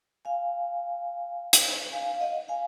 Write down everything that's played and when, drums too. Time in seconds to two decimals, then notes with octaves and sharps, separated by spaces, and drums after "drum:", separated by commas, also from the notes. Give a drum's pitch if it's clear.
0.25 F5 G#5
1.53 drum: hi-hat
1.92 F5 G#5
2.14 F5
2.20 D#5 F#5
2.48 F5 G#5